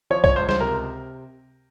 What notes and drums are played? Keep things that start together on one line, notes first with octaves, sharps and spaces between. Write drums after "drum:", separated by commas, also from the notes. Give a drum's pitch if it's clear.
F3 C#5
C#5, drum: kick B1
C#2 C5
C5, drum: snare G3
C3 A#4